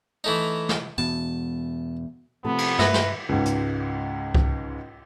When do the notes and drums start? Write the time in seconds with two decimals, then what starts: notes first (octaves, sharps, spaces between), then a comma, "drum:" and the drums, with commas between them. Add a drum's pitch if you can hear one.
0.24 E3 A3 D#4
0.69 drum: snare
0.98 E2 B2 A5
2.44 C3 F3 A3 B3
2.58 drum: cymbal
2.79 G2 A#3 F#4 B4 E5 A#6, drum: snare
2.94 drum: snare
3.29 C#2 G#2
3.45 drum: hi-hat
4.34 drum: kick C2